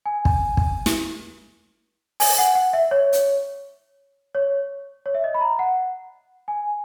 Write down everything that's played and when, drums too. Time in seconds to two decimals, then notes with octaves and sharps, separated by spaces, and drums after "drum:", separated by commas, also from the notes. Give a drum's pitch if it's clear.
0.06 G#5
0.25 drum: kick
0.57 drum: kick
0.86 drum: snare
2.20 G#5, drum: open hi-hat
2.38 F#5
2.55 F#5
2.73 E5
2.91 C#5
3.13 drum: hi-hat
4.35 C#5
5.06 C#5
5.15 E5
5.24 D#5
5.34 B5
5.41 A#5
5.59 F#5
6.48 G#5